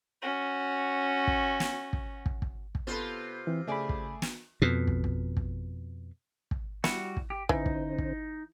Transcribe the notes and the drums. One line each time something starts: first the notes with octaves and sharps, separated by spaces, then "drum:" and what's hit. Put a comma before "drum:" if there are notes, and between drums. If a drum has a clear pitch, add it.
C#4 F#4
drum: kick
drum: snare
drum: kick
drum: kick
drum: kick
drum: kick
C3 B3 F4 A4 B4 C5
E3 C4
C#3 A3 G#4 D5 B5
drum: kick
drum: snare
F2 B2
drum: kick
drum: kick
drum: kick
drum: kick
G3 E4 F#4, drum: snare
drum: kick
G4
D3 E3 C#4 D#4 C5, drum: kick
drum: kick
drum: kick